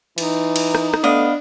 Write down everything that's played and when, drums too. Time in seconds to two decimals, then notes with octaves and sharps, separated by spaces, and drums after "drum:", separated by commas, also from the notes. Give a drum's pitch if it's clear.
0.18 E3 D#4, drum: cymbal
0.56 drum: cymbal
0.75 drum: rim click
0.94 drum: rim click
1.04 A3 B3 D4 D#5 F5